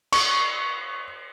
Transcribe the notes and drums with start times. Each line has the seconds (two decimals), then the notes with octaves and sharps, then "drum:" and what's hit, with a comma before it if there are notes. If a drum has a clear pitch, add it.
0.12 C#6, drum: cymbal